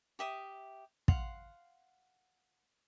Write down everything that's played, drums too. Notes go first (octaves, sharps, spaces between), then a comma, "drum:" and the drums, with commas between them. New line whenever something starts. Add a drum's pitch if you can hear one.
G4 E5 D#6
F5 F#5 C6, drum: kick